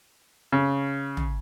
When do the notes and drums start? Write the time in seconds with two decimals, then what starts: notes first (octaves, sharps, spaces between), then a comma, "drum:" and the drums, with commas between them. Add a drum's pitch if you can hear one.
0.52 C#3
1.17 drum: tom